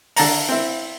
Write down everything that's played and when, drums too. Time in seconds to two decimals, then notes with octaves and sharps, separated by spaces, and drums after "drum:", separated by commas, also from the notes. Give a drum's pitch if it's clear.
0.16 D3 A5 A#5, drum: open hi-hat
0.49 C4 E4